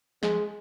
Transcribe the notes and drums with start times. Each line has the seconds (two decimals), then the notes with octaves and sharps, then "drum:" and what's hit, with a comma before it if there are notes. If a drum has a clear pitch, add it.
0.23 G#3, drum: snare